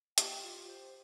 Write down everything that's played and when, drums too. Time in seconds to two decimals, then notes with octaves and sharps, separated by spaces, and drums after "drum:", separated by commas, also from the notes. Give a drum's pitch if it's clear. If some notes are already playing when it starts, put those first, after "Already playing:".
0.18 G4 G5, drum: hi-hat
0.43 F4
0.67 C5